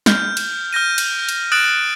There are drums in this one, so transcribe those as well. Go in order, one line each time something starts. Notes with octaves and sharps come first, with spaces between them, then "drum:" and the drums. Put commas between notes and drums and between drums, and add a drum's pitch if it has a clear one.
F6 G6, drum: snare
drum: cymbal
F6 G6 A#6 D#7
drum: cymbal
drum: cymbal
D#6 F#6 A6 D7 E7 F#7